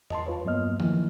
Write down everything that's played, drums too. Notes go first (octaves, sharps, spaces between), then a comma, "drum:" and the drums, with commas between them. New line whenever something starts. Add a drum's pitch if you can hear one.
D#5 A5 C6, drum: tom E2
F4 B4 C#5
G2 F#3 A#3 B3 D#5 F6
D#3 F3 A#3 E4, drum: tom E3